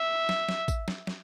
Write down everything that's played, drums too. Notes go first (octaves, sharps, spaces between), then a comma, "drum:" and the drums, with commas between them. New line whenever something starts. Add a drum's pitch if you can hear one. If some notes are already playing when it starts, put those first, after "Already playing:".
Already playing: E5
drum: snare
drum: snare
drum: kick, tambourine
drum: snare
drum: snare